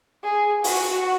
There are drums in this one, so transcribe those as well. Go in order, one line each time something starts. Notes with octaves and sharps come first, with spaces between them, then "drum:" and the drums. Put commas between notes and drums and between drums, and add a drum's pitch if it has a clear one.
G#4
F#4, drum: open hi-hat